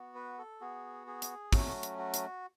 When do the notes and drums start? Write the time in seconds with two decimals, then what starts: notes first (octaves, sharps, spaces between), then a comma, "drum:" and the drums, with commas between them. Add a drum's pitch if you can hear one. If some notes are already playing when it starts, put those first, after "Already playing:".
Already playing: B3 F#4
0.15 B4
0.38 A4
0.61 B3 F#4 G#4
1.07 G#4
1.22 drum: hi-hat
1.53 F#3 A3 C#4 F#4, drum: kick, open hi-hat
1.83 drum: hi-hat
1.98 F#4
2.14 drum: hi-hat